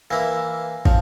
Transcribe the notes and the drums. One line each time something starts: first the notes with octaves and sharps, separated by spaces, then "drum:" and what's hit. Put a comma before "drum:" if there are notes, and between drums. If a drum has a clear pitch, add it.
E3 A#3 E4
F3, drum: kick